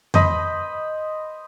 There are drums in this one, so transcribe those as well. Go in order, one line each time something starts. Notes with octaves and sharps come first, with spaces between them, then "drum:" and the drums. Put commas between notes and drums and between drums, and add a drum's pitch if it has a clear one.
C5 D#5 B5, drum: tom F2